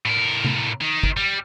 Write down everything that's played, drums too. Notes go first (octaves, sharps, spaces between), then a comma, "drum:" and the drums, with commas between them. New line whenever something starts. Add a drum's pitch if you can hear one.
A2 A#4
drum: tom C3
D#3
drum: kick G1
G3